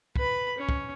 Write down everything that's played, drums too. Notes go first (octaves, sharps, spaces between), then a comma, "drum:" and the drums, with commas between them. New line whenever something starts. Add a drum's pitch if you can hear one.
B4 B5, drum: kick
C#4
drum: kick